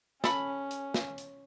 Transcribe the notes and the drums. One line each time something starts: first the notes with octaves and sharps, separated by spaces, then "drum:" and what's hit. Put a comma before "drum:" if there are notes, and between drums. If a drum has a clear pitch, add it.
C#4 A4 B5, drum: snare
drum: hi-hat
drum: snare
drum: hi-hat